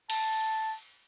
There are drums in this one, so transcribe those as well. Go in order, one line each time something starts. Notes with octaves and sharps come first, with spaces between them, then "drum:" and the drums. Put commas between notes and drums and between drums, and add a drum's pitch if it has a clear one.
A5, drum: cymbal